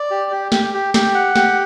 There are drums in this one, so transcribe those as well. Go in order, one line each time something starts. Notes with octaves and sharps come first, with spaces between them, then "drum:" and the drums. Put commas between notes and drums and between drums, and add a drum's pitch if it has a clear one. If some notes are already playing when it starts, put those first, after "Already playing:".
Already playing: D5
G4
G4
G4, drum: snare
G4
G4, drum: snare
F#5
G4, drum: snare